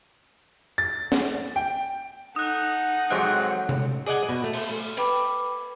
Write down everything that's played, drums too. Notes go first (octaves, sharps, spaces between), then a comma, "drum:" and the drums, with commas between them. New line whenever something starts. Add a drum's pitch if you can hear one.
A6
drum: snare
G5
D#4 A4 F#5 D#6 F#6
G#2 C3 F#3 F#6
drum: tom C3
G#4 D5 D#5 F#5 G#5
B2
A3
drum: cymbal
B4 G5 B5 D6, drum: hi-hat